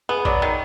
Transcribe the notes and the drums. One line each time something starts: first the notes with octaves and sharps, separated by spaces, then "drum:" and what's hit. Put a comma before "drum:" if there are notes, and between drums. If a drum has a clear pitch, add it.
B3 G#4
F#3 D5, drum: kick A#1
D#3